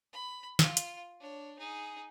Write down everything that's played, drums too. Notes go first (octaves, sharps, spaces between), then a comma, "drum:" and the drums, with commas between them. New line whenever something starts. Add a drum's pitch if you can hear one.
B5
F4, drum: snare
drum: hi-hat
D4 C#5
D#4 G#4